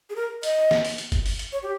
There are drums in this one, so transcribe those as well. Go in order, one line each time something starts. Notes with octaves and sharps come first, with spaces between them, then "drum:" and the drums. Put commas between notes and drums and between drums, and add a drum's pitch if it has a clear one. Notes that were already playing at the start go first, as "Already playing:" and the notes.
G#4
A#4
D#5, drum: hi-hat
drum: snare
drum: open hi-hat
drum: hi-hat
drum: kick G1, hi-hat
drum: open hi-hat
drum: hi-hat
C#5
G4